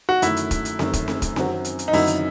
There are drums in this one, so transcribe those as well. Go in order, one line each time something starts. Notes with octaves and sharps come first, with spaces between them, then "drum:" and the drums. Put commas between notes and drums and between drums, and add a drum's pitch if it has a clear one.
F#4
F#2 D#3 A3 E4, drum: hi-hat
drum: hi-hat
drum: kick, hi-hat
drum: hi-hat
F#2 D#3 A3, drum: snare C4
drum: kick, hi-hat
drum: snare C4
drum: kick, hi-hat
F#2 D#3 F#3 C4 F#4, drum: snare C4
drum: hi-hat
drum: hi-hat
D#4
F#2 D#3 F#3 C4 E4 F#4, drum: open hi-hat
drum: hi-hat